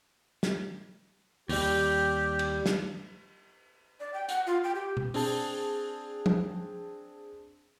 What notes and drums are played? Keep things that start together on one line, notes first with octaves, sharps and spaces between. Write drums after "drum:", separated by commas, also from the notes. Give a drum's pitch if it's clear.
drum: snare
D#2 G3 G4, drum: open hi-hat
drum: cymbal
drum: snare
D5
G5
F#5, drum: hi-hat
F4
G5
G4
drum: tom B2
C4 D4 G#4 A5, drum: open hi-hat
drum: tom F3